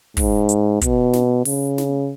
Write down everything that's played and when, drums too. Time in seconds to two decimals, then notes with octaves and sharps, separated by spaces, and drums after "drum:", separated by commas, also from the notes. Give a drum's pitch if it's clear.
0.17 G#2, drum: kick, open hi-hat
0.49 drum: hi-hat
0.81 B2, drum: kick, hi-hat
1.13 drum: snare
1.45 C#3, drum: open hi-hat
1.78 drum: snare